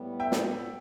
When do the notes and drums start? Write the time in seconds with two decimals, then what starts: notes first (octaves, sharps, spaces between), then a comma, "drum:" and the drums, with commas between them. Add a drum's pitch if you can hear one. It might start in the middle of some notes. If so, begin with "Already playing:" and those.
Already playing: A2 G3 B3
0.20 E5 G5
0.32 drum: snare